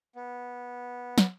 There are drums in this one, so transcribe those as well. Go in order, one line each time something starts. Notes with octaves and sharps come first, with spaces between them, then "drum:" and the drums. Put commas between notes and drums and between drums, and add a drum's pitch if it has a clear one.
B3
drum: snare